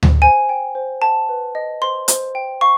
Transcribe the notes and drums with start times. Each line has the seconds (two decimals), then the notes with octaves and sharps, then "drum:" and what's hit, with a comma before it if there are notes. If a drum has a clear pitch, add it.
0.03 drum: tom D2
0.22 C5 G#5
0.49 G5
0.75 C5
1.02 F#5 A5
1.29 B4
1.55 D#5
1.82 C5 C6
2.08 C5, drum: hi-hat
2.35 G5
2.61 F5 C#6